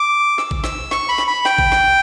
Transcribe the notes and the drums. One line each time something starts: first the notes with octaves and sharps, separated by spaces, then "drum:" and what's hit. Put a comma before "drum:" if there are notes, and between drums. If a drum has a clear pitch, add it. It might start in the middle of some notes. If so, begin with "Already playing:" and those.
Already playing: D6
E6, drum: snare
drum: kick A1
E6, drum: snare
C#6, drum: snare
B5
drum: snare
B5
G5, drum: snare
drum: kick A1
drum: snare